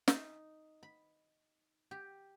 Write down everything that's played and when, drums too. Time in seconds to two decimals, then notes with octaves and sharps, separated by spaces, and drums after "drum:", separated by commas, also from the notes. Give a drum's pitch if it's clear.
0.08 D#4, drum: snare
0.83 B5
1.91 G4